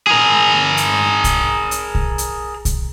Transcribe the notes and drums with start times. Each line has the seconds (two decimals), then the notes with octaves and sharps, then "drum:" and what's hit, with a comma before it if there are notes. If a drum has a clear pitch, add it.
0.07 G#4 A#4
0.77 drum: hi-hat
1.24 drum: kick B1, hi-hat
1.71 drum: hi-hat
1.95 drum: kick B1
2.18 drum: hi-hat
2.65 drum: kick B1, hi-hat